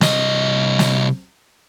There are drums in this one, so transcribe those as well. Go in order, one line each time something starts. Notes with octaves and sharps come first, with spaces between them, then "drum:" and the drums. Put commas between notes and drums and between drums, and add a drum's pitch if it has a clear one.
C2 D#5, drum: snare
drum: snare